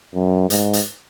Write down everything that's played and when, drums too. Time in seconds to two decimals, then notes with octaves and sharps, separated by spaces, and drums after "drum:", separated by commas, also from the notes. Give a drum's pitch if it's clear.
0.15 F#2
0.50 G#2, drum: hi-hat
0.73 drum: hi-hat